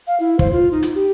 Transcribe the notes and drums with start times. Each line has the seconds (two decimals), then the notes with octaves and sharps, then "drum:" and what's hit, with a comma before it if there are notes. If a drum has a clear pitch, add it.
0.07 F5
0.20 E4
0.39 C5, drum: kick
0.52 F4
0.72 D#4
0.83 drum: hi-hat
0.95 G4